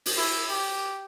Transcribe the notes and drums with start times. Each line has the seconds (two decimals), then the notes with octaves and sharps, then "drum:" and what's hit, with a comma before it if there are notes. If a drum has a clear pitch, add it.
0.06 drum: open hi-hat
0.17 E4
0.49 G4